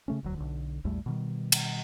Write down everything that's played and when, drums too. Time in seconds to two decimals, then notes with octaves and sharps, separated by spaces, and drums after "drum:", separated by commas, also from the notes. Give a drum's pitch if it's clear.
0.08 C#3 A3 C#4
0.23 E1 D2 F#3
0.38 B1 D3
0.84 A#1 E2 G3 A3
1.06 B2 D#3 G3
1.52 drum: cymbal